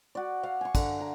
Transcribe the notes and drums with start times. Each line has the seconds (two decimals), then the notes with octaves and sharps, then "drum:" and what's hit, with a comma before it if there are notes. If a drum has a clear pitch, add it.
0.15 F#4 D5
0.43 F5 F#5
0.61 G#5 C#6
0.75 D3, drum: kick, cymbal
1.00 A#5